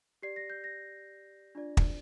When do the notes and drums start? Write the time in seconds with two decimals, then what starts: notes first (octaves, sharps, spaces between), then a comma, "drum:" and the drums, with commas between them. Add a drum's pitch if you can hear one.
0.22 G4 D5 C7
0.36 A#6
0.50 G6
0.64 A#6
1.55 D4 F4 D5
1.77 drum: kick